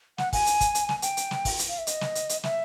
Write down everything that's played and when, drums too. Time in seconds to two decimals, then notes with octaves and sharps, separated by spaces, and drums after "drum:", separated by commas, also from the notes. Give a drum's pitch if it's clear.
0.18 F#5, drum: snare
0.33 G#5, drum: kick, open hi-hat
0.47 drum: hi-hat
0.61 drum: kick, hi-hat
0.75 drum: hi-hat
0.89 drum: snare
1.02 G5, drum: hi-hat
1.17 drum: hi-hat
1.31 drum: snare
1.45 drum: kick, open hi-hat
1.59 drum: hi-hat
1.69 F5
1.78 E5
1.87 D#5, drum: hi-hat
2.01 drum: snare
2.15 drum: hi-hat
2.29 drum: hi-hat
2.43 E5, drum: snare